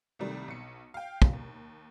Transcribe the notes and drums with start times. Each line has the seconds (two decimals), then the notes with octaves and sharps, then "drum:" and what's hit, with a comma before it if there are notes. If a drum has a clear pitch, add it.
0.19 C2 C3 D#3 G3 A3
0.48 B1 C#7
0.94 F5 G5
1.22 drum: kick
1.33 D#2